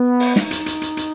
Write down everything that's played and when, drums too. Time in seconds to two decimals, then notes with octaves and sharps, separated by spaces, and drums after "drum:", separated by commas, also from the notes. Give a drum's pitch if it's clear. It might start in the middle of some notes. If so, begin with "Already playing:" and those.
Already playing: B3
0.20 drum: open hi-hat
0.36 D#4, drum: snare
0.51 drum: hi-hat
0.66 drum: hi-hat
0.82 drum: hi-hat
0.97 drum: hi-hat